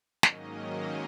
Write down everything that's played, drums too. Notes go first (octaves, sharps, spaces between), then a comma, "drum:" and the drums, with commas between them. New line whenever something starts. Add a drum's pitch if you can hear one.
G#2 D#3 F#3 A#3 C#4 D#5, drum: snare